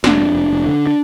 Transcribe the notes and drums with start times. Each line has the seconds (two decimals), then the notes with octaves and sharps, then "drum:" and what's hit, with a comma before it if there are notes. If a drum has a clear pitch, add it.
0.04 F1 D4, drum: snare
0.20 F2
0.35 F1
0.50 F1
0.65 D3
0.87 D4